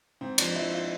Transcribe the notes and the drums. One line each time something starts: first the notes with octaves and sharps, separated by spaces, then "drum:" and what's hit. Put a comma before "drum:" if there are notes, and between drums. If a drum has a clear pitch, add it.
G#2 C4
F3 D4, drum: cymbal
F3 E4
F4